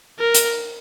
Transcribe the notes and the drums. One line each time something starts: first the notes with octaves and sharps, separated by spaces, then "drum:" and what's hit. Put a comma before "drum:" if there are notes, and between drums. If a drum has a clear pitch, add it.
A#4
drum: hi-hat